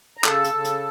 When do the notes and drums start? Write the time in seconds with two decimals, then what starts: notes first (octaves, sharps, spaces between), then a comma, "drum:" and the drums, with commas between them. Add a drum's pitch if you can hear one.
0.17 A#5
0.24 C#3 A4 A5, drum: clap
0.44 drum: hi-hat
0.54 C#3
0.65 drum: hi-hat